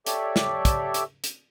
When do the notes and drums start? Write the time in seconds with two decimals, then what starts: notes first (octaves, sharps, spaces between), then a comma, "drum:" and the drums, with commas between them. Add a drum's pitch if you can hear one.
0.06 G4 A4 C#5 D5 E5, drum: hi-hat
0.36 drum: snare
0.65 drum: kick, hi-hat
0.94 drum: hi-hat
1.24 drum: hi-hat